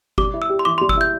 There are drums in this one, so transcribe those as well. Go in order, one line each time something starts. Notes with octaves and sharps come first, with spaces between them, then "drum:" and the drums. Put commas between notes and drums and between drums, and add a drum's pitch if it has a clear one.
G3 D6, drum: kick G1
E4
E6
G4
C6
E3 D6
G3 C6
E6, drum: kick G1
E4 G6